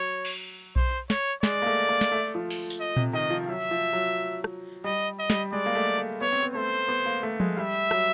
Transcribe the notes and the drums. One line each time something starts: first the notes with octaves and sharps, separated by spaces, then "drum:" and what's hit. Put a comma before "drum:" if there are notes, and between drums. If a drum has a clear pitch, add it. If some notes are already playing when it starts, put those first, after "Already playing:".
Already playing: F#3 C#5
drum: cymbal
C5, drum: kick B1
C#5, drum: snare
G#3 D5, drum: snare
A#3
A3
A#3
drum: snare
A3
F3
drum: open hi-hat
drum: tambourine
D#5
C3, drum: tom A#2
D#3 D#5
F3
F#3 E5
F3
F#3
drum: rim click
G3 D#5
D#5
G3, drum: snare
G#3 D5
A#3
A3
A#3
B3 C#5
C4
B3
A3 C5
B3
A#3
A3
G#3, drum: tom F3
G3 E5
F#3, drum: rim click